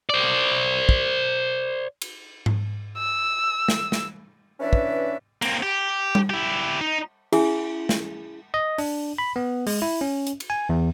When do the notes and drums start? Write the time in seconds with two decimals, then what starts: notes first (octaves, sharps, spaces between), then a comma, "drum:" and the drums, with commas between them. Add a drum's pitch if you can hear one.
0.10 C5 D5
0.89 drum: kick
2.02 drum: cymbal
2.46 drum: tom G#2
2.97 E6
3.68 drum: snare
3.92 drum: snare
4.60 E3 C#4 D4 B4 D5 E5
4.73 drum: kick
5.42 A#3 C4, drum: cymbal
5.63 G4
6.15 drum: tom G3
6.30 E4 G4
6.81 D#4
7.32 C#4 E4 G#4 E5 G#5, drum: cymbal
7.89 drum: snare
8.54 D#5
8.78 D4, drum: open hi-hat
9.18 B5
9.36 B3
9.67 G#3, drum: open hi-hat
9.82 E4
10.01 C#4
10.27 drum: hi-hat
10.40 drum: cymbal
10.50 G#5
10.69 E2